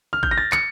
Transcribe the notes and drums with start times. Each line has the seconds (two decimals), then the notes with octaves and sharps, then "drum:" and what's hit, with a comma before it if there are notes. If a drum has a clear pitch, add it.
0.13 F6
0.23 G6, drum: kick G#1
0.31 A#6
0.38 A6
0.52 C#7, drum: clap